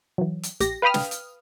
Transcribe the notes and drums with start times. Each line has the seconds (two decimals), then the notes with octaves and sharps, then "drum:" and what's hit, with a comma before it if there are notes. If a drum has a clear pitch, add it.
0.18 E3 F#3
0.43 drum: hi-hat
0.60 A#1 G4 A#6, drum: hi-hat
0.82 B4 F5 G5 B5 D#6 F6
0.94 drum: snare
1.11 drum: hi-hat